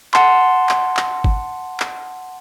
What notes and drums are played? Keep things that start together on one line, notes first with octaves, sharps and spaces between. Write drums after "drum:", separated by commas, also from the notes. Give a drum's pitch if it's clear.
F#5 A5 C6, drum: clap
drum: clap
drum: clap
drum: kick
drum: clap